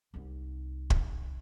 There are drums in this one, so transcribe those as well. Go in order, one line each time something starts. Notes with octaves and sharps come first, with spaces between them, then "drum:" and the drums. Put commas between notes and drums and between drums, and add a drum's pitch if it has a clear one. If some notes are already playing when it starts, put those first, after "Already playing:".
C2 D#4
drum: kick